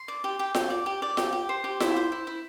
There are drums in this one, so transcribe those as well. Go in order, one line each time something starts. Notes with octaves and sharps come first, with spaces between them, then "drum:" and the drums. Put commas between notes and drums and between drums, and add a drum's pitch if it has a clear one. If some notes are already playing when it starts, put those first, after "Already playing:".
Already playing: C6
D5
G4
G4
G4, drum: snare F4
D5
G4
D5
G4, drum: snare F4
G4
C5
G4
E4, drum: snare F4
C5
E4
E4